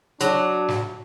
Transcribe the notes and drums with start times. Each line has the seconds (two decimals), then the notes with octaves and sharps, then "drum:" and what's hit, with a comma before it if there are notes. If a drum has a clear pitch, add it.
0.21 F#3 D4, drum: hi-hat
0.68 drum: snare